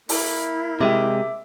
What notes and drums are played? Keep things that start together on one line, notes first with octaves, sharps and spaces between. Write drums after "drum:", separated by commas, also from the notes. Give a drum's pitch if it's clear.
A#3 E4, drum: open hi-hat
C3 G#3 G4 E5 D6